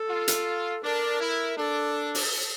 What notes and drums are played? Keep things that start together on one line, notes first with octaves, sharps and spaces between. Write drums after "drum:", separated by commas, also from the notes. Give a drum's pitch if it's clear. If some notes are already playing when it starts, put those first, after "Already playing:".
Already playing: A4
F4
drum: hi-hat
D4 A#4
E4
D4 A4
drum: open hi-hat